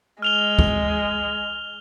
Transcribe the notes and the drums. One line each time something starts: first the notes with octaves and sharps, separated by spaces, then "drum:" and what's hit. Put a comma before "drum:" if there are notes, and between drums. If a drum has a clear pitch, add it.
G#3 F6 F7 G7
drum: kick